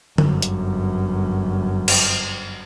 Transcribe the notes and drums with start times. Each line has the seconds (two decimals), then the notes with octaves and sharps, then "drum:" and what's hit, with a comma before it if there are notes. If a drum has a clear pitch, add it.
0.18 G1 F#2, drum: tom D3
0.42 drum: hi-hat
1.88 drum: cymbal